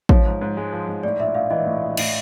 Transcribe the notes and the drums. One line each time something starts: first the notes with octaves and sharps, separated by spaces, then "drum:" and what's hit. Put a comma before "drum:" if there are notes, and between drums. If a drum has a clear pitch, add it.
F3 C#5, drum: kick A1
G#2
G#2
G#3
F3
G#2
A2 D5
A#1 E5
A#1 F5
E3 D#5
A2
A#1
A2, drum: cymbal